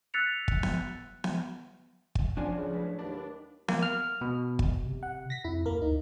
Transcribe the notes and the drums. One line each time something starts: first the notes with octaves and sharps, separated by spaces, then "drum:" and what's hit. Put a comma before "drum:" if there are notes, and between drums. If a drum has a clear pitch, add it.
E6 F#6 A6 B6 C#7 F7
drum: kick
drum: snare B3
drum: snare B3
drum: kick
F3 C#4 D4 F#4 G#4 D5 G#5
C#3
A2 F#3 B4
D#2 D4
A#3, drum: snare B3
F6
B2
drum: kick
C3
F#5
A#6 B6
F2 E4
F#2 A#3 A#4
D2 D#4